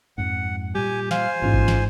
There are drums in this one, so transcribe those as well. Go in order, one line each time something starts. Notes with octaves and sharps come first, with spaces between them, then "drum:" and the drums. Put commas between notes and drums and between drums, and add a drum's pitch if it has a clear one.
F2 G#2 F#5
A#2 G3 G4 G#5
C5 F5 G#5, drum: snare
A#1 G#2 E3 C#4 F4
drum: kick G#1
drum: snare